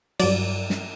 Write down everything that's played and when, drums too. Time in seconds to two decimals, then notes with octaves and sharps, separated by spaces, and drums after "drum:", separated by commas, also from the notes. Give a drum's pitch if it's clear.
0.20 G2 F#3 D5, drum: cymbal
0.70 drum: snare